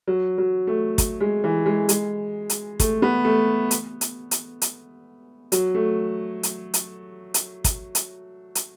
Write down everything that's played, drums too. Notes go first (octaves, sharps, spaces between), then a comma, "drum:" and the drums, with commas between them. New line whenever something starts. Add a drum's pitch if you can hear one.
F#3
F#3
A3
drum: kick, hi-hat
G#3
E3
G#3
G#3, drum: hi-hat
drum: hi-hat
A3, drum: kick, hi-hat
B3
A3
drum: hi-hat
drum: hi-hat
drum: hi-hat
drum: hi-hat
F#3, drum: hi-hat
A3
drum: hi-hat
drum: hi-hat
drum: hi-hat
drum: kick, hi-hat
drum: hi-hat
drum: hi-hat